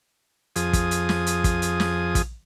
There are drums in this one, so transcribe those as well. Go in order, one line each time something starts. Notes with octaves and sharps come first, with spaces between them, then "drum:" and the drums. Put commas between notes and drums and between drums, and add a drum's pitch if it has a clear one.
F2 F3 G#4 D#6, drum: hi-hat
drum: kick, hi-hat
drum: hi-hat
drum: snare
drum: hi-hat
drum: kick, hi-hat
drum: hi-hat
drum: snare
drum: kick, hi-hat